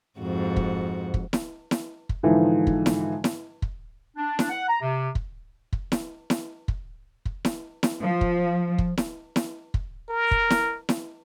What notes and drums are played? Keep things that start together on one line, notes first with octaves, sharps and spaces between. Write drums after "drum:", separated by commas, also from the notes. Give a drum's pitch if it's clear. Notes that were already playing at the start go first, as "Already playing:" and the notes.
F2 G#2 F#4
drum: kick
drum: kick
drum: snare E4
drum: snare E4
drum: kick
G#2 D3 E3 F3 D#4
drum: kick
drum: snare E4
drum: snare E4
drum: kick
D4
drum: snare E4
F#5
A#5
C3
drum: kick
drum: kick
drum: snare E4
drum: snare E4
drum: kick
drum: kick
drum: snare E4
drum: snare E4
F3
drum: kick
drum: kick
drum: snare E4
drum: snare E4
drum: kick
A#4
drum: kick
drum: snare E4
drum: snare E4